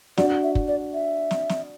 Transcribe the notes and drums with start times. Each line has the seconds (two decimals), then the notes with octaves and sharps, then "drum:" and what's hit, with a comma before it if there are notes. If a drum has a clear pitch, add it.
0.17 D4 F#4 D5, drum: snare
0.43 E5
0.55 drum: kick
0.68 D5
0.93 E5
1.31 drum: snare
1.49 drum: snare